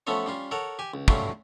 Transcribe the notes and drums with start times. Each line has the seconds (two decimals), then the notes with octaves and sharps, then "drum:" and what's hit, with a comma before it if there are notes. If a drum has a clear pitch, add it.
0.07 F3 A3 B3 C#4 A4 C#5
0.26 G3 C#4 F4
0.51 A4 A#4 C#5 F#5
0.79 G4 G#5
0.94 C#2
1.08 F#3 G3 A3 C#4 F4, drum: kick